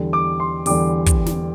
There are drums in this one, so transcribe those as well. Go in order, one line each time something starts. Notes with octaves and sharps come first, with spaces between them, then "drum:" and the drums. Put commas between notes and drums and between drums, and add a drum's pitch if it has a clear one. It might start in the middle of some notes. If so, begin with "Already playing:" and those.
Already playing: E2 D3 G3
D6
C6
E2 D3 G3 D6, drum: open hi-hat
drum: kick, hi-hat
drum: snare